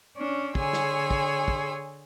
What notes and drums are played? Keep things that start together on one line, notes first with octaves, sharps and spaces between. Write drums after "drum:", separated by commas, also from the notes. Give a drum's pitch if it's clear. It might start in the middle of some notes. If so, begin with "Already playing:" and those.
C#4 D4
D3 G#4 C#5 G#5 C6 E6, drum: kick
drum: snare
drum: kick
drum: kick